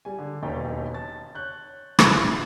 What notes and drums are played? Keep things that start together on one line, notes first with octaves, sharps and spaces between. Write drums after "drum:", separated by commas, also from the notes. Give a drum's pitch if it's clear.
G3 G#5
D3
E1 D#2 C#4 D#4 G5 A6
A5 A6
C#5 F#6 G6
D#1 A1 A#2 F#6 G6, drum: rim click